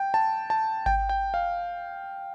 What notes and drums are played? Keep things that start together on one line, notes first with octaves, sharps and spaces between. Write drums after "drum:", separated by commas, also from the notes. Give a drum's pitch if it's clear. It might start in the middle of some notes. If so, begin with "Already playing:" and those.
Already playing: G5
A5
A5
G5, drum: kick G#1
G5
F5